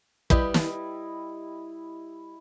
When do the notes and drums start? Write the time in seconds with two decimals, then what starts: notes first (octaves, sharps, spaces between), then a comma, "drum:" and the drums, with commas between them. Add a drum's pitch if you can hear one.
0.30 G3 E4 G4 B4 D#5, drum: kick
0.54 drum: snare